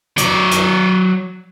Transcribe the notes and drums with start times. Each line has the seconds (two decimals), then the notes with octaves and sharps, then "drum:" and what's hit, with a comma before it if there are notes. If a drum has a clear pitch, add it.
0.18 F#3 D5, drum: hi-hat
0.51 drum: hi-hat